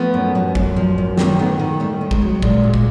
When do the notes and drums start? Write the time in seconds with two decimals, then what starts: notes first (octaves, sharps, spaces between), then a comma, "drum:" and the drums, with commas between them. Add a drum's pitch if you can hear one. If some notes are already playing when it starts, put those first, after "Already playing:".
Already playing: F3 A3 B3
0.14 F#2
0.35 F#2
0.55 F#2, drum: kick
0.76 F3
0.98 F#2
1.18 D#3 A#3 C4, drum: snare
1.39 D#3 A3 B3
1.59 D#3
1.80 D#2 G3 A3
2.01 D#3
2.11 G#3, drum: kick
2.22 F#3
2.42 A#2 G#3, drum: kick
2.63 A#2
2.74 drum: kick